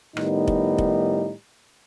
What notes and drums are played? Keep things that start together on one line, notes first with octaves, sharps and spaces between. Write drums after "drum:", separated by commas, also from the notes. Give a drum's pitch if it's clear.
A2 D#3 G3 B3 D#4, drum: rim click
drum: kick F1
drum: kick F1